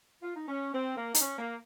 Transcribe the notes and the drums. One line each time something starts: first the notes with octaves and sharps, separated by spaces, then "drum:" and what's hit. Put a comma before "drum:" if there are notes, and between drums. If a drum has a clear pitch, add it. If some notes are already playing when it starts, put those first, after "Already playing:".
F4
D#4
C#4
C4
A#3
D#4, drum: hi-hat
C#4
A#3